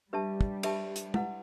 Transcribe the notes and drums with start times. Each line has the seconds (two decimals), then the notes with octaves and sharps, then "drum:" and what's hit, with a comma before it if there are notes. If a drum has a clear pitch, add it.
0.13 G3 D4 G4 B4 E5 A5
0.41 drum: kick
0.63 D4 G4 B4 E5 A5, drum: cymbal
0.96 drum: hi-hat
1.14 E4 B4 F#5, drum: tom